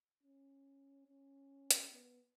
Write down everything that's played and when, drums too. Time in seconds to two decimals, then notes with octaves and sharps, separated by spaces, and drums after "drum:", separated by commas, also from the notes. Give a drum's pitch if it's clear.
0.23 C#4
1.07 C#4
1.71 drum: hi-hat
1.91 B3